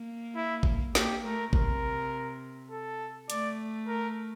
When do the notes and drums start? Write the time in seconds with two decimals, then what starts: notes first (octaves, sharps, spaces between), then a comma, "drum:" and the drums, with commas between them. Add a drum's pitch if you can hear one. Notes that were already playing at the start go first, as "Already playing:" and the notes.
Already playing: A#3
0.36 E4
0.63 drum: kick G#1
0.95 A#3 G4, drum: snare
1.24 A3 A#4
1.53 C3 A#4, drum: kick G#1
2.71 A4
3.30 A3 D5, drum: hi-hat
3.88 A#4